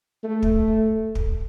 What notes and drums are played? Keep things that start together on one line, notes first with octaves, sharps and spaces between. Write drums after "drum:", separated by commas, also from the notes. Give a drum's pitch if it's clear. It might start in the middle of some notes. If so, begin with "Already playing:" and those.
A3
drum: kick
drum: kick